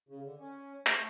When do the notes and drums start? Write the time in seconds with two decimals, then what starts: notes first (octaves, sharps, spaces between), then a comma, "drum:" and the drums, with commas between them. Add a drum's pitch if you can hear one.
0.09 C#3
0.24 D3
0.40 C#4
0.87 A3, drum: clap